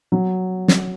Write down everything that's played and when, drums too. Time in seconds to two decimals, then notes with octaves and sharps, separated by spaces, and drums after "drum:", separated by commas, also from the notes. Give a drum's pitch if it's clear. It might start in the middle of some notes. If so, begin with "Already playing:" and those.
0.12 F#3
0.68 drum: snare